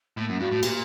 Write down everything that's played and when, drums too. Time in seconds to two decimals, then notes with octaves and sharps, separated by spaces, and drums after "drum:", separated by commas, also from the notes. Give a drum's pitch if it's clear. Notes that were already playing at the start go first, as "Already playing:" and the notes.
0.17 A2 A#3
0.29 F#2
0.40 G2 F#4
0.52 A2
0.63 A#2 G4, drum: cymbal